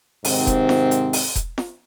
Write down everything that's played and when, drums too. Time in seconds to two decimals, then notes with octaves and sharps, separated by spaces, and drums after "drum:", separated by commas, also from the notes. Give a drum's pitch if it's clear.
0.25 G#2 C3 D#3 C4, drum: open hi-hat
0.47 drum: kick E1, hi-hat
0.69 drum: snare
0.91 drum: hi-hat
1.13 drum: open hi-hat
1.35 drum: kick E1, hi-hat
1.58 drum: snare